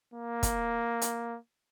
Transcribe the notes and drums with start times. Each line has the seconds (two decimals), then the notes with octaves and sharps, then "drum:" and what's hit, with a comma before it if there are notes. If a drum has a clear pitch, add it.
0.14 A#3
0.43 drum: kick, hi-hat
1.02 drum: hi-hat